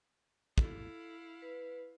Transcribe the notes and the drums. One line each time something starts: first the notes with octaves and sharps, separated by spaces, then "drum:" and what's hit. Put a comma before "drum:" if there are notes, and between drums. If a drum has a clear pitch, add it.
E4 A4 F5, drum: kick
B4